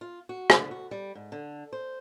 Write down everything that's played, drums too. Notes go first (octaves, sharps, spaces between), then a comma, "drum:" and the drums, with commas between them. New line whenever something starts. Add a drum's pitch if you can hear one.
F4
F#4
D3, drum: rim click
F#4
G3
G#2
D3
C5